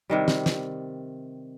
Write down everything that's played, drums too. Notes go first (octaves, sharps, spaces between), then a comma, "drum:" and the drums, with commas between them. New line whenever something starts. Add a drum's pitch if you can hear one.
C3 D#3 G3
drum: snare
drum: snare